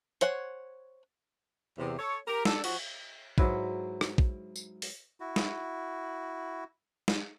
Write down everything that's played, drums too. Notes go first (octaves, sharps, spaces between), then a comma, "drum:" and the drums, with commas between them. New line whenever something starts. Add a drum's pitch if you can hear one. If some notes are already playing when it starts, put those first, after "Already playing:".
C5 C#5 F#5 G#5, drum: hi-hat
E2 C3
A4 C#5
G4 A#4
D4 A4, drum: snare
F3 F#4, drum: cymbal
G#2 F#3 E4 B4, drum: kick
drum: rim click
drum: kick
drum: tambourine
drum: open hi-hat
E4 F#4
drum: snare
drum: snare